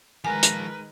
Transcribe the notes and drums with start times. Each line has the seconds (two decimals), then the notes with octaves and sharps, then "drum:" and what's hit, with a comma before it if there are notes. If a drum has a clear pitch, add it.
0.25 D#3 F3 G#3 A#4 B4 G#5 A#5
0.43 drum: hi-hat